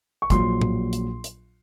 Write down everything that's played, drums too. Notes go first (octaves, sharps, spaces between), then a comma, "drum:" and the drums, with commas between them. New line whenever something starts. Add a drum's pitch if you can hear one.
C#6
A#1 A#2 F#3 C6, drum: kick, hi-hat
drum: tom A2
drum: hi-hat
drum: hi-hat